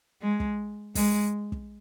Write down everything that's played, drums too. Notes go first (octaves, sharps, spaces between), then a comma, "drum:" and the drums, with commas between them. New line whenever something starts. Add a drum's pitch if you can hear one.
G#3
drum: kick
G#3, drum: kick, open hi-hat
drum: kick